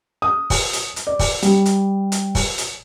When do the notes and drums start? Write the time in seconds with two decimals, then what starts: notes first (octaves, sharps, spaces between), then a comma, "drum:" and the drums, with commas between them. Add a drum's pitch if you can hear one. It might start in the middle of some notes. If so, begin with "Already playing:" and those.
0.22 D#6
0.50 drum: kick, open hi-hat
0.73 drum: hi-hat
0.96 drum: hi-hat
1.07 D5
1.19 drum: kick, open hi-hat
1.42 G3, drum: hi-hat
1.66 drum: hi-hat
2.12 drum: hi-hat
2.35 drum: kick, open hi-hat
2.58 drum: hi-hat